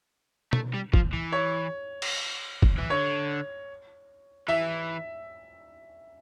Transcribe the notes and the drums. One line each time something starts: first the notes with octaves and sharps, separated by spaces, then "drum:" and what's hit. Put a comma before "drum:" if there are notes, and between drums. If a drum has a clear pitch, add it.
A3, drum: tom
G3
F3, drum: kick
E3
C#5
drum: cymbal
drum: kick
E3
D3 C#5
E3 E5